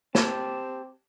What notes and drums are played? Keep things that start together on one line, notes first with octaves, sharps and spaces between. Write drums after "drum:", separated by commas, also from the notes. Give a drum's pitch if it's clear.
C4 G4 A5, drum: snare